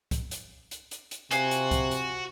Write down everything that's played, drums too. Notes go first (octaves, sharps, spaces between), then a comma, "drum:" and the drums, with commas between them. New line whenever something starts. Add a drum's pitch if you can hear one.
drum: kick C2, hi-hat
drum: hi-hat
drum: hi-hat
drum: hi-hat
drum: hi-hat
C3 F4 F#4 G#5, drum: hi-hat
drum: hi-hat
drum: kick C2, hi-hat
drum: hi-hat